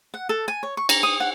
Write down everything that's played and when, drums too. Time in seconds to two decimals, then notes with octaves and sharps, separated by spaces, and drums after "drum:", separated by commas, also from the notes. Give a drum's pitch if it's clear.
0.14 F#5
0.29 A4
0.48 G#5
0.63 C#5
0.77 C#6
0.89 A#5, drum: cymbal
1.03 D#6
1.20 F#5